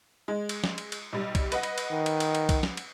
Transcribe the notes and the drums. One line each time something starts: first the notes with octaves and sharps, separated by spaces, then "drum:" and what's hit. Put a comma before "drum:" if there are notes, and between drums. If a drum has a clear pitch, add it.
G#3
drum: cymbal
drum: snare
drum: cymbal
drum: cymbal
B1 G3
drum: kick C2, cymbal
B4 D#5 F#5, drum: cymbal
drum: cymbal
drum: cymbal
D#3
drum: cymbal
drum: cymbal
drum: cymbal
drum: kick C2, cymbal
drum: snare
drum: cymbal